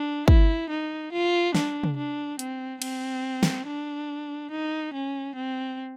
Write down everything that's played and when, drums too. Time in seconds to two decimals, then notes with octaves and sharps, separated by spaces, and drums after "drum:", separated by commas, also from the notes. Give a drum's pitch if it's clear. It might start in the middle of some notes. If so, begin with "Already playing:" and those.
Already playing: D4
0.28 E4, drum: kick
0.70 D#4
1.12 F4
1.55 D4, drum: snare
1.84 drum: tom
1.97 D4
2.39 C4, drum: hi-hat
2.82 C4, drum: cymbal
3.43 drum: snare
3.67 D4
4.51 D#4
4.94 C#4
5.35 C4